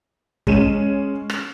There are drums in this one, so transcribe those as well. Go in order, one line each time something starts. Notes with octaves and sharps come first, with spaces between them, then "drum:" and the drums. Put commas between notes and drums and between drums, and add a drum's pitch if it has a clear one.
G#3 C#4 D#7 E7, drum: kick
drum: rim click